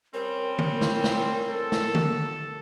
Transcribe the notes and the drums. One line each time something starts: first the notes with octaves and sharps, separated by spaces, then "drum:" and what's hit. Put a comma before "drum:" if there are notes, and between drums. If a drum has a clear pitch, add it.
G3 C4 C#4 A#4
drum: tom D3
drum: snare
drum: snare
A4
drum: snare
drum: tom D3